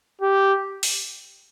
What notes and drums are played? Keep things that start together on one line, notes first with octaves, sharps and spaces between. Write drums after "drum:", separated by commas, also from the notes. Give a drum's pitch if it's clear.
G4
drum: open hi-hat